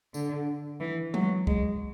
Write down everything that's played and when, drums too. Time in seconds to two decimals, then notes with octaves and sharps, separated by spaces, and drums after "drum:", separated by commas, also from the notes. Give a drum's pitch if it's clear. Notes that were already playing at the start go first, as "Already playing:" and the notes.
0.14 D3, drum: tambourine
0.80 E3
1.14 F#3, drum: tom G#3
1.47 G#3, drum: kick